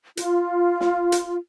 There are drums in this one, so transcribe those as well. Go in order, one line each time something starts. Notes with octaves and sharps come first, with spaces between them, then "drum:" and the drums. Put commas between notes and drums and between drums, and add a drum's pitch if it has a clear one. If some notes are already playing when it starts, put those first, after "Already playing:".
F4, drum: hi-hat
drum: snare
drum: hi-hat